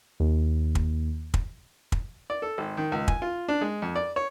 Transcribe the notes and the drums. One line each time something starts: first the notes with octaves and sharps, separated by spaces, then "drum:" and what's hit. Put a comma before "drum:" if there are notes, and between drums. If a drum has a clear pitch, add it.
D#2
drum: kick
drum: kick
drum: kick
D5
A4
G#1
D#3
C#2
G#5, drum: kick
F4
D4
G#3
F2
D5
C#5